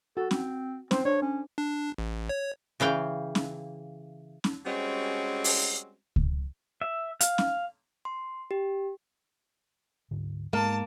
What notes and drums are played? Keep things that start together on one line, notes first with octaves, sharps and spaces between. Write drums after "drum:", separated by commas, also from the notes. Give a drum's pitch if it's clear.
F#4 A4
C4, drum: snare C#4
C4 C5, drum: snare C#4
D4 C#5
C#4
D4
A1
C#5
C#3 E3 F5 G5
drum: snare C#4
drum: snare C#4
G3 G#3 C4 C#4 F#4
drum: open hi-hat
drum: kick C#2
E5
F5, drum: hi-hat
drum: snare C#4
C6
G4
D2 G#2 D3
G#2 G#3 A#3 B3 A5